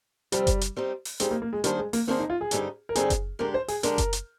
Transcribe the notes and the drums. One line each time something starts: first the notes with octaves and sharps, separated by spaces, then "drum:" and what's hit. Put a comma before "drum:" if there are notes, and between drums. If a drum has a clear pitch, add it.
C3 F3 G3 C4, drum: hi-hat
drum: kick F#1, hi-hat
drum: hi-hat
G3 C4 D#4
drum: open hi-hat
G3 G#3 C4 D#4, drum: hi-hat
A#3
A#3
G#3
D#3 G3 A#3 D4 G#4 C5, drum: hi-hat
G#3
A#3, drum: open hi-hat
D#3 A#3 C4 D4 G#4 C5
D#4
F4
G#4
G2 D3 G3 C4 D#4, drum: hi-hat
A#4
G2 D3 G3 C4 D#4 G#4, drum: hi-hat
drum: kick F#1, hi-hat
D3 G#3 D4 G4 A#4
C5
G#4, drum: open hi-hat
D3 G#3 D4 G4 A#4, drum: hi-hat
drum: kick F#1, hi-hat
drum: hi-hat